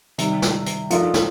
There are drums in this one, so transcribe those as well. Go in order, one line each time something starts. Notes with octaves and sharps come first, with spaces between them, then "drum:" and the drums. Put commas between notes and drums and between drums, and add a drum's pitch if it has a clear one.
C3 D#3 G3, drum: hi-hat
drum: snare
drum: hi-hat
F3 A3 D4 F4 A#4, drum: hi-hat
drum: snare